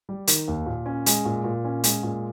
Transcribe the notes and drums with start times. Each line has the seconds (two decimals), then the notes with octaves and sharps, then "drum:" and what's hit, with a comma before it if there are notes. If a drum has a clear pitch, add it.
0.09 G3
0.27 D#3, drum: hi-hat
0.48 D#2
0.66 A#2
0.86 C#4
1.06 G#3, drum: hi-hat
1.25 A#2
1.44 A#2
1.65 C#4
1.84 G#3, drum: hi-hat
2.03 A#2